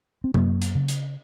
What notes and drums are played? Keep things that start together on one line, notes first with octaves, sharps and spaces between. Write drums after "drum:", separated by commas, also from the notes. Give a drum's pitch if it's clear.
C4
F#2 F#3 A#3, drum: tom
drum: hi-hat
C#3
drum: hi-hat